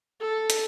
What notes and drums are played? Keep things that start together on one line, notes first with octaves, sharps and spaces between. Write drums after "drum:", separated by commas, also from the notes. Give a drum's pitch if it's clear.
A4
drum: hi-hat